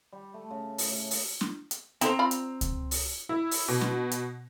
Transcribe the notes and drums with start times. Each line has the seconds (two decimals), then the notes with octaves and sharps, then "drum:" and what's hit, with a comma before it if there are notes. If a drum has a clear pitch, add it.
0.12 G3
0.34 A3
0.51 C#3
0.78 A2, drum: open hi-hat
1.11 drum: open hi-hat
1.41 drum: snare
1.71 drum: hi-hat
2.01 C4 D#4 A4 C5 A#5, drum: hi-hat
2.19 F4 D5 B5
2.31 drum: hi-hat
2.61 drum: kick C#2, hi-hat
2.91 drum: open hi-hat
3.29 E4
3.51 drum: open hi-hat
3.68 B2
3.81 drum: snare
4.11 drum: hi-hat